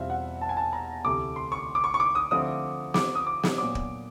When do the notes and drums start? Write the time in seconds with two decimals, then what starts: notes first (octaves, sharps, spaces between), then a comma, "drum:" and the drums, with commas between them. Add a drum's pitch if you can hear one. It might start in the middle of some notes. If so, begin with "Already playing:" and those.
Already playing: E2 B2 G3 C4 F4 E5 F5
0.10 F#5
0.41 A5
0.49 G#5
0.57 A5
0.73 A#5
1.05 D2 C3 E3 A3 D6
1.36 C6
1.52 C#6
1.75 D6
1.84 C#6
1.94 C#6
2.00 D6
2.15 D#6
2.31 D3 F3 A3 C4 E4 D#6
2.94 D6, drum: snare
3.15 D#6
3.27 D6
3.43 drum: snare
3.58 A#2 F#3 B3 D4 D6
3.75 drum: kick